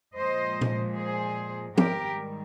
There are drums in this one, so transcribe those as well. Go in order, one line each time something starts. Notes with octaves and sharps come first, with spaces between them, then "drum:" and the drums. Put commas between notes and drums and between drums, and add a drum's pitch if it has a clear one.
A#2 F3 G#3 C5 D#5
drum: tom A#2
G#4 C5
G#2 D#3 G3 G4 A#4, drum: tom F3